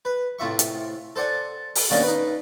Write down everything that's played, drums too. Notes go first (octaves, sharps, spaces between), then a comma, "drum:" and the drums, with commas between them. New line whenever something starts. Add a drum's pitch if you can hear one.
B4
A2 C3 F4 E5 C#6
drum: hi-hat
A4 C5 D5 F#5 G#5
drum: open hi-hat
B2 D#3 G3 A#3 C#4 D4
D#4 B4